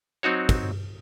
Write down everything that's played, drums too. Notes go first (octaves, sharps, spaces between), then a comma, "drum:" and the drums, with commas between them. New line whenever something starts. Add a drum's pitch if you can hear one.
F#3 C4 D#4 F#4 C#5
drum: kick, cymbal